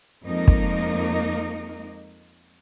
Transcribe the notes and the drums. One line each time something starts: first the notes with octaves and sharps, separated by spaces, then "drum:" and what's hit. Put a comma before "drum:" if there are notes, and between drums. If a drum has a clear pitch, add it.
F2 G#3 A#3 D#4 A#4
drum: kick